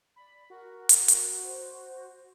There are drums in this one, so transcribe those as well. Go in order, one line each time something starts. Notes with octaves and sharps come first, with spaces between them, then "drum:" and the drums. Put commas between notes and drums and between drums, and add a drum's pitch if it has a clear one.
D5 B5
F#4 A#4
drum: hi-hat
drum: hi-hat
C5